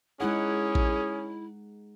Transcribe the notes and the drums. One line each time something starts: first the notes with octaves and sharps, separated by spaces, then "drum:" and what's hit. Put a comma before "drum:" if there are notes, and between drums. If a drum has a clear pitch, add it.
G#3 C#4 D#4 E4 G#4 F#5
drum: kick A1